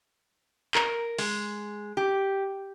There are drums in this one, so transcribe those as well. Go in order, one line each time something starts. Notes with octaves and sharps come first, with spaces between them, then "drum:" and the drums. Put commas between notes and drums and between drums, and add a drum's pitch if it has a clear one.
A#4, drum: clap
G#3, drum: open hi-hat
G4